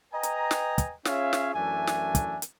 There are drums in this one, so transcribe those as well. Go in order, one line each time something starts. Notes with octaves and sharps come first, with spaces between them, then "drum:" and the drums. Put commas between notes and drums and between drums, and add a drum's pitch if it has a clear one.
B4 D#5 G5 G#5 A#5
drum: hi-hat
drum: snare
drum: kick, hi-hat
C#4 F4 G#4 C#5 E5 F5, drum: snare
drum: snare
F#2 E3 A3 D4 E5 G#5
drum: snare
drum: kick, hi-hat
drum: hi-hat